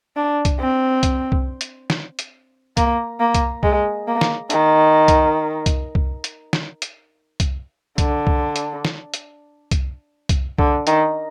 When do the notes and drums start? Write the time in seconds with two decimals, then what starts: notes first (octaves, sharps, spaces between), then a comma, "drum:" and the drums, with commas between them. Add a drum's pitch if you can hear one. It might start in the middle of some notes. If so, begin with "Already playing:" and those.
0.16 D4
0.45 drum: kick C2, hi-hat
0.59 C4
1.03 drum: kick C2, hi-hat
1.32 drum: kick C2
1.61 drum: hi-hat
1.90 drum: snare
2.19 drum: hi-hat
2.77 A#3, drum: kick C2, hi-hat
3.20 A#3
3.35 drum: kick C2, hi-hat
3.63 G#3, drum: kick C2
4.07 A#3
4.21 drum: snare
4.50 D#3, drum: hi-hat
5.08 drum: kick C2, hi-hat
5.66 drum: kick C2, hi-hat
5.95 drum: kick C2
6.24 drum: hi-hat
6.53 drum: snare
6.82 drum: hi-hat
7.40 drum: kick C2, hi-hat
7.98 D3, drum: kick C2, hi-hat
8.27 drum: kick C2
8.56 drum: hi-hat
8.85 drum: snare
9.14 drum: hi-hat
9.71 drum: kick C2, hi-hat
10.29 drum: kick C2, hi-hat
10.58 D3, drum: kick C2
10.87 D#3, drum: hi-hat